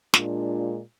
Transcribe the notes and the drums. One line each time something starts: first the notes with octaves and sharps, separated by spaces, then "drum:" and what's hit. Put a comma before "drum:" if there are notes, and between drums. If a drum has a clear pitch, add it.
A#2 G#3 D4 F4, drum: snare